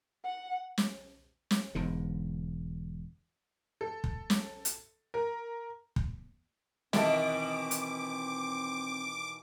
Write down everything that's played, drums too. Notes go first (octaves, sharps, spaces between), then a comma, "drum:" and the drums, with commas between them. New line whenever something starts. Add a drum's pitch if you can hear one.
F#5
drum: snare
drum: snare
E1 G#2 D3
A4
drum: kick
drum: snare
drum: hi-hat
A#4
drum: kick
B2 D#3 E3 C4 A4 E5 D6, drum: snare
drum: hi-hat